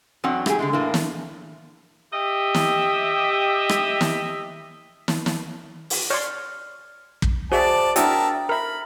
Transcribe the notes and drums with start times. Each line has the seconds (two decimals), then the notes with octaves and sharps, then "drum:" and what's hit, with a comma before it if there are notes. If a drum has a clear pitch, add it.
0.24 E2 F#3 C4 D4 F#5
0.46 E4 G4 G#4, drum: rim click
0.59 D3 F3 G#3
0.73 A2 E3 A#3
0.94 drum: snare
2.13 G4 D#5 E5
2.54 drum: snare
3.69 drum: rim click
4.01 drum: snare
5.08 drum: snare
5.26 drum: snare
5.90 drum: open hi-hat
6.10 C#5 D5 C6 F6
7.22 drum: kick
7.52 F#4 G#4 C5 D5 E5 A5
7.96 D4 E4 F#4 A#4 E5 G5 A5 D#6, drum: hi-hat
8.49 A#4 E5 A#5 B5 F6